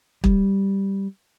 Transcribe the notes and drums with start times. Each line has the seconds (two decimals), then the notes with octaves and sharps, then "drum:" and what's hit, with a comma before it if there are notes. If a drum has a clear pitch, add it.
0.24 G3, drum: kick